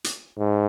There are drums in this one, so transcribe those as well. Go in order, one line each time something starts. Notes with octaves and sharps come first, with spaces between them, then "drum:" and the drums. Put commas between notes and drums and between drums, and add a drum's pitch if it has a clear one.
drum: hi-hat
G#2